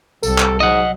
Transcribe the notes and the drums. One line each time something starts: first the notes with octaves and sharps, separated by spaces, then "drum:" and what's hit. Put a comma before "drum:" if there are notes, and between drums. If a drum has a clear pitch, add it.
C2 G3 A4, drum: tambourine
drum: clap
G#2 F#3 D#5 F#5